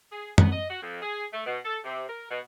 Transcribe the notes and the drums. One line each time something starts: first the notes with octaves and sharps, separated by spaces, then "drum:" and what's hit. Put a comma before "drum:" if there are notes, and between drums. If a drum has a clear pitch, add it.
G#4
B3, drum: tom F#2
D#5
F#4
F2
G#4
A3
B2
A4
C3
A#4
B2